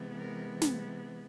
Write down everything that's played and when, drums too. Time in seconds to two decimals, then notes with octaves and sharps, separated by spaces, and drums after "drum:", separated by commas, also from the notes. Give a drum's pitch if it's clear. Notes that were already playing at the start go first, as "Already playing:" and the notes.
Already playing: C3 E3 G#3 B3
0.19 A#4
0.62 drum: snare